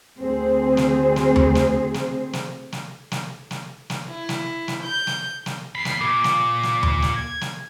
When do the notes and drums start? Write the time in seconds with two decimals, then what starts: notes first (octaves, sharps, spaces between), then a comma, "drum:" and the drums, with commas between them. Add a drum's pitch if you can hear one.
0.20 D2 C4 G#4 C5
0.77 drum: snare
1.16 drum: snare
1.36 drum: tom D#2
1.55 drum: snare
1.94 drum: snare
2.33 drum: snare
2.72 drum: snare
3.12 drum: snare
3.51 drum: snare
3.90 drum: snare
4.09 E4
4.29 drum: snare
4.68 drum: snare
4.83 G6
5.07 drum: snare
5.46 drum: snare
5.75 E2 B5 C7
5.85 drum: snare
6.01 A#2 D6
6.24 drum: snare
6.63 drum: snare
6.83 drum: tom D#2
7.02 drum: snare
7.15 G#6
7.41 drum: snare